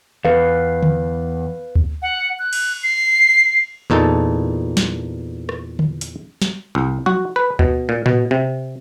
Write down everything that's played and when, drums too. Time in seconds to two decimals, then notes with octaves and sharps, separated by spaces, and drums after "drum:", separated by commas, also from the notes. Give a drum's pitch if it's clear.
0.25 E2 B4 F5
0.83 drum: tom D3
1.76 drum: kick D2
2.02 F#5
2.39 F#6
2.53 drum: cymbal
2.83 C7
3.90 E2 A#2 D#4 A4 A5
4.77 drum: snare
5.49 drum: rim click
5.79 drum: tom D3
6.01 drum: hi-hat
6.42 drum: snare
6.75 C2
7.06 F#4, drum: tom F3
7.36 B4
7.59 B2, drum: kick D2
7.89 A#2
8.06 B2, drum: tom A2
8.31 C3